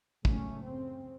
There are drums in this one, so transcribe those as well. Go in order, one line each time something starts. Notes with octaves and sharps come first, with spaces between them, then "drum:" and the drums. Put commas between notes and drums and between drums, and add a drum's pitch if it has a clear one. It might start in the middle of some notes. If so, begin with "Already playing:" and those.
C#2 F#2 A2 A3 C#4, drum: kick
C#3 C4